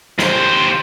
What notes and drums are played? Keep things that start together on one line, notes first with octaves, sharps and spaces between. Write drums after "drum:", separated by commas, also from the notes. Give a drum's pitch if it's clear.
D#2 C5, drum: snare